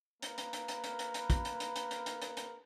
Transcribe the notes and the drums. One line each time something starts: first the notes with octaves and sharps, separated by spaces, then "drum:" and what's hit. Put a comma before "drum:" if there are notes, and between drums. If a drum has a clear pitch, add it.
A#3 A#4 B4, drum: hi-hat
drum: hi-hat
drum: hi-hat
drum: hi-hat
drum: hi-hat
drum: hi-hat
drum: hi-hat
drum: kick, hi-hat
drum: hi-hat
drum: hi-hat
drum: hi-hat
drum: hi-hat
drum: hi-hat
drum: hi-hat
drum: hi-hat